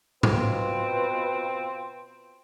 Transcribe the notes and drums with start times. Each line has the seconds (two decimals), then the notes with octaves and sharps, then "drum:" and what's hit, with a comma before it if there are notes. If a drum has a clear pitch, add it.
0.23 B2 C4 F4 B4, drum: tom G#2